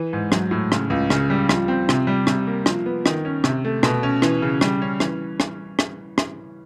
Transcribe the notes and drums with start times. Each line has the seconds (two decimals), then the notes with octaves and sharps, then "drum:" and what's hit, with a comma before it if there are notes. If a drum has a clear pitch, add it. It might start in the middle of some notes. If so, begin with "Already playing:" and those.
Already playing: E3
0.13 G#2
0.32 F#3, drum: rim click
0.51 A2
0.72 C#3, drum: rim click
0.90 C#2
1.10 C#3, drum: rim click
1.30 G3
1.49 F3, drum: rim click
1.68 C4
1.89 C3, drum: rim click
2.07 G3
2.27 C3, drum: rim click
2.47 A#3
2.66 F3, drum: rim click
2.86 B3
3.06 D#3, drum: rim click
3.25 C#4
3.44 C3, drum: rim click
3.65 A3
3.83 B2, drum: rim click
4.03 C#4
4.22 E3, drum: rim click
4.42 C#3
4.61 G3, drum: rim click
4.82 C#4
5.00 E3, drum: rim click
5.40 drum: rim click
5.79 drum: rim click
6.18 drum: rim click